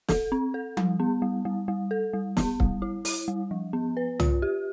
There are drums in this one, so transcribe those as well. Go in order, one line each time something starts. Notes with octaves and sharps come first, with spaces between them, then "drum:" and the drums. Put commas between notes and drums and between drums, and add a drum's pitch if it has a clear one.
A4, drum: snare
C4
A4
G3, drum: tom F3
B3
G3
G3
G3
A4
G3
B3, drum: snare
G3, drum: kick C#1
E4
E4, drum: open hi-hat
G3
F3
B3
B4
F4, drum: tom
G4